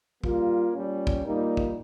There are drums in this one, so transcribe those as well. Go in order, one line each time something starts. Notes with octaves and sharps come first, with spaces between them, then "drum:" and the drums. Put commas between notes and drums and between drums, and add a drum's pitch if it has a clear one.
G3 A#3 F4, drum: kick
A#2 G3 C#4
drum: kick
A#2 G3 A#3 D#4
drum: kick